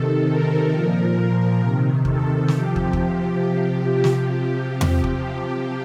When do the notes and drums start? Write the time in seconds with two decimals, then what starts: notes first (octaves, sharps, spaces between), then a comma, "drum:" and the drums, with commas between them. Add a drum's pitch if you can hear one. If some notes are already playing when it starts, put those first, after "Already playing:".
Already playing: C3 D#3 A4
0.26 A#4
0.70 A#2 F3
1.59 C3
1.65 D#3
2.05 A4, drum: kick
2.48 C3 F3 G4, drum: snare
2.76 drum: kick
2.93 G4, drum: kick
4.04 drum: snare
4.81 drum: tom E2
5.04 drum: kick